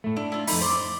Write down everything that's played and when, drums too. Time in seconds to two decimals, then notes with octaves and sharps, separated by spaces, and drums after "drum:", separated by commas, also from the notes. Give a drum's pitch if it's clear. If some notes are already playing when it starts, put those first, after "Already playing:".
0.04 A2 A3
0.16 D4 E4
0.32 E4 F4
0.47 F2 A3 D#4 B5, drum: open hi-hat
0.62 C5 D5